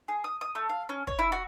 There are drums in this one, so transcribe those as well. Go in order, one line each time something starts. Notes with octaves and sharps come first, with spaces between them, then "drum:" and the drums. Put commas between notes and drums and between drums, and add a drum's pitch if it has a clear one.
G#4
D#6
D#6
A3
F5
C#4
C#5, drum: kick
E4
F#4